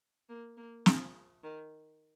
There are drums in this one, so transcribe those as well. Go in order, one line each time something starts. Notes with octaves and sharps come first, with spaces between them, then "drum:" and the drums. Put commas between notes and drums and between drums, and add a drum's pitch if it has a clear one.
A#3
A#3
F3, drum: snare
D#3